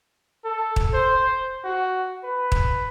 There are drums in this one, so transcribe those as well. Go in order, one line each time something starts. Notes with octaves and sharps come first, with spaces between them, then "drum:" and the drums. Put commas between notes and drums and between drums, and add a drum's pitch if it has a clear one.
A4
drum: kick
C5
F#4
B4
drum: kick